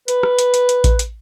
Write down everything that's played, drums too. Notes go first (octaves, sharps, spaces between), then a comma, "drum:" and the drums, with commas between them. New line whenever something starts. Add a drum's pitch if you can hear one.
B4, drum: hi-hat
drum: rim click
drum: hi-hat
drum: hi-hat
drum: hi-hat
drum: kick A1, hi-hat
drum: hi-hat